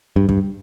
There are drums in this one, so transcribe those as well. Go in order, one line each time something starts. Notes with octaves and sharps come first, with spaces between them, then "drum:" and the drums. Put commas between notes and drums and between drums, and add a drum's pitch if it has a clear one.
G2
G2, drum: kick